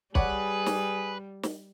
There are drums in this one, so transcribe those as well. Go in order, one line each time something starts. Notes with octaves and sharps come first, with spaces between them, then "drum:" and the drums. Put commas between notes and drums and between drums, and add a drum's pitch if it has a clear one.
G3 G#4 B4 C#5 D5 F#5, drum: kick
drum: snare
drum: snare